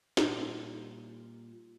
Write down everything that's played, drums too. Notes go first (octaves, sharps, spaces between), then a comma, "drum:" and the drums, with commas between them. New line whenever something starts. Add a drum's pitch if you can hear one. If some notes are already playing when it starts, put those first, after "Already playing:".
A#2 G3, drum: snare